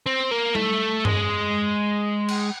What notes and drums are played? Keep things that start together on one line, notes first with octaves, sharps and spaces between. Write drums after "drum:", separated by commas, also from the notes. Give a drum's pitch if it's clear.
C4
A#3
A3, drum: tom G3
G#3, drum: tom G2
drum: cymbal